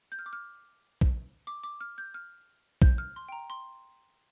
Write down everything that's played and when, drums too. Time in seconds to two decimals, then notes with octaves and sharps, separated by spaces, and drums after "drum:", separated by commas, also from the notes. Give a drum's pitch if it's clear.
0.12 G6
0.19 F6
0.26 D6
0.33 F6
1.01 drum: kick
1.47 D6
1.64 D6
1.81 F6
1.98 G6
2.14 F6
2.82 G6, drum: kick
2.98 F6
3.16 C6
3.29 G5
3.32 A#5
3.50 C6